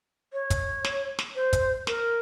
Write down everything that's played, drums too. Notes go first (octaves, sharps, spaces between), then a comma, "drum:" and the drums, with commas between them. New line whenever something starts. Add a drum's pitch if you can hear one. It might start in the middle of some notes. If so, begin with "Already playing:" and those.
C#5
drum: kick, hi-hat
drum: snare
drum: snare
C5
drum: kick, hi-hat
A#4, drum: snare